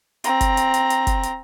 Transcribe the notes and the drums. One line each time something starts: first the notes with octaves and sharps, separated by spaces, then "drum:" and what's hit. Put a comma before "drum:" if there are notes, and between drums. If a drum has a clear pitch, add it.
C4 A#5, drum: hi-hat
drum: kick, hi-hat
drum: hi-hat
drum: hi-hat
drum: hi-hat
drum: kick, hi-hat
drum: hi-hat